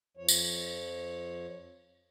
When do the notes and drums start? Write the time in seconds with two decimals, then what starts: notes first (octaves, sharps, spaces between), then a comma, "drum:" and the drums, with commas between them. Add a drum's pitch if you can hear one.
0.17 F2 F3 C#5
0.28 drum: tambourine